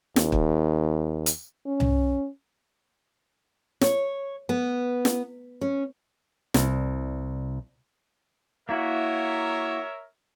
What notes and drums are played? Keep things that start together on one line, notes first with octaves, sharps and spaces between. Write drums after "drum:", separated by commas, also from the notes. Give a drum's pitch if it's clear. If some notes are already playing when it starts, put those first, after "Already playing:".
D#2, drum: snare
drum: kick
drum: hi-hat
C#4
drum: tom C2
C#5, drum: snare
B3
drum: snare
C#4
C2, drum: snare
A#3 E4 F#4 A#4 C#5 E5